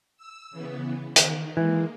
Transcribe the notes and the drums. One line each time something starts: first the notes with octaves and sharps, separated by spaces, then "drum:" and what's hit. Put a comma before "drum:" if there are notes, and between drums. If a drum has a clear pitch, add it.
E6
C#3 E3 B3
D#3, drum: hi-hat
E3 G#3 A#3